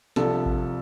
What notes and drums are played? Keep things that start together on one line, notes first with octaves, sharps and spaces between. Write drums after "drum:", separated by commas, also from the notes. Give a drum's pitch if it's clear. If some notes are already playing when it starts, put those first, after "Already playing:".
C2 C3 F3 A4, drum: snare
drum: kick G#1